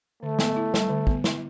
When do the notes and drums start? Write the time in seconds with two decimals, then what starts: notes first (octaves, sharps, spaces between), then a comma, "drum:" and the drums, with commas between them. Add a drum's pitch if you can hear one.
0.23 D3 A3
0.39 B3, drum: snare
0.56 E4
0.74 G3, drum: snare
0.90 D3
1.07 B3, drum: kick
1.24 E4, drum: snare